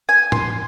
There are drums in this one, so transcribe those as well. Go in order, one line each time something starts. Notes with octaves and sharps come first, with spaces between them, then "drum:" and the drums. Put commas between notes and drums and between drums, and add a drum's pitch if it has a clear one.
G#5
C6, drum: tom A2